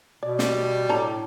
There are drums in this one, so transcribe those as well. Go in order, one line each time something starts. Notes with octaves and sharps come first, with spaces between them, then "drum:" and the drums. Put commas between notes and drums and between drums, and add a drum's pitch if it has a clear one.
B2 D5
G3, drum: snare
A2 D3 A4 A#5